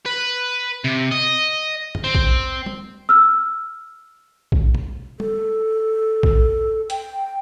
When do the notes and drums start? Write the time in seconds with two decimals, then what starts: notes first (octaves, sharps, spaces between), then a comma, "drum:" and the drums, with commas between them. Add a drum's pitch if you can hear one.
0.06 B4
0.84 C3
1.11 D#5
1.95 drum: tom
2.04 C4
2.15 drum: kick
2.66 drum: tom
3.09 E6 F6
4.52 drum: kick
4.75 drum: tom
5.20 A4, drum: tom
6.23 drum: kick
6.90 G5, drum: hi-hat